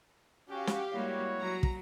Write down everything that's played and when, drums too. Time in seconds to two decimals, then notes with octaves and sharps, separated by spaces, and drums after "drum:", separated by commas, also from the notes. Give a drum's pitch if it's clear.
0.49 C#4 F#4 G4 F5
0.67 drum: snare
0.92 G3 G#3 A#3 E4 F#4 C#5
1.39 F#3 A#5
1.63 drum: kick